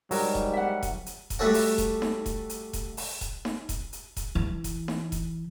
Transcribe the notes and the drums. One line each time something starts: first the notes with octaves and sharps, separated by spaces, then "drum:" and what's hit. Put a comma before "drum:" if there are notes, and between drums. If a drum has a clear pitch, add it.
G#2 F#3 G3 A#4, drum: open hi-hat
drum: kick E1
E5 F#5
drum: kick E1, hi-hat
drum: hi-hat
drum: kick E1, hi-hat
G3 A3 F#4 A4 C#5 F#5
drum: open hi-hat
drum: kick E1, hi-hat
drum: snare D#4
drum: kick E1, hi-hat
drum: hi-hat
drum: kick E1, hi-hat
drum: open hi-hat
drum: kick E1, hi-hat
drum: snare D#4
drum: kick E1, hi-hat
drum: hi-hat
drum: kick E1, hi-hat
E3
drum: kick E1, hi-hat
drum: snare D#4
drum: kick E1, hi-hat